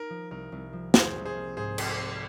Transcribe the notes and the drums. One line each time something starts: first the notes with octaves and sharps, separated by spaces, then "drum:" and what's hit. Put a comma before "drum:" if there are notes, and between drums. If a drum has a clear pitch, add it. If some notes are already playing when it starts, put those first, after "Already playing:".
Already playing: A#3 D#4 A#4
F3
C2 A#4
C2
F3
F3 G#4 C5, drum: snare
C2
G#4 C5
A#3
G#2 G#4 C5
C4, drum: cymbal
C4